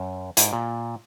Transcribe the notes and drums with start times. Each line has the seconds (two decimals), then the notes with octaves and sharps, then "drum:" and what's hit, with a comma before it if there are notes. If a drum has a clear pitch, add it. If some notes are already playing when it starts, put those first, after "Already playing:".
Already playing: F#2
0.37 G#2, drum: hi-hat
0.53 A#2